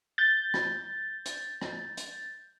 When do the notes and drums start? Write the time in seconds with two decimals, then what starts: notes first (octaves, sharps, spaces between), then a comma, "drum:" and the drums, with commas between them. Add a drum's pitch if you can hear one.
0.18 G6 A6
0.54 drum: rim click
1.26 drum: hi-hat
1.62 drum: rim click
1.97 drum: hi-hat